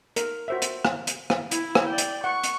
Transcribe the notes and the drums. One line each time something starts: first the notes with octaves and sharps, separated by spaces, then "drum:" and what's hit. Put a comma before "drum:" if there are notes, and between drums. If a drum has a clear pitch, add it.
A#4, drum: hi-hat
F#4 C5 E5
drum: hi-hat
drum: rim click
drum: hi-hat
drum: rim click
E4, drum: hi-hat
drum: rim click
D5 G5
drum: hi-hat
F#5 C#6
drum: hi-hat